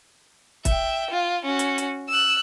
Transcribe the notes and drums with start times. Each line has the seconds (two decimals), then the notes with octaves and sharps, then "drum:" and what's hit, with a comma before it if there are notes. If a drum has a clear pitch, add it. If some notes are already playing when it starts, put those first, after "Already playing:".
0.65 E5 G5, drum: kick, hi-hat
1.10 F4
1.45 C#4 F#4
1.59 drum: hi-hat
1.78 drum: hi-hat
2.09 E6 F#6